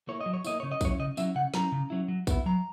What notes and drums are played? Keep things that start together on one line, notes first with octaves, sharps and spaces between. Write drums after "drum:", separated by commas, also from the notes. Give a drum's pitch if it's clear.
A#3 E4 C#5
D#5
F#3
C#5
A#3 E4 D#5, drum: tambourine
C#3 C#5
D#5
F#3 C#4 E4 C#5, drum: kick, tambourine
C#3 D#5
F#3 C#4 E4 E5, drum: tambourine
C#3 F#5
F#3 C#4 E4 A#5, drum: snare
C#3
F#3 C#4 E4
F#3
B3 E4, drum: kick, tambourine
F#3 A#5